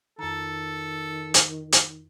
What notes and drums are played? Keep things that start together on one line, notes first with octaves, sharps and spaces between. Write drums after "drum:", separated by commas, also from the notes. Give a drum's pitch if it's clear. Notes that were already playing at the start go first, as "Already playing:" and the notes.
F2 D#3 A4 A#5
drum: hi-hat
drum: hi-hat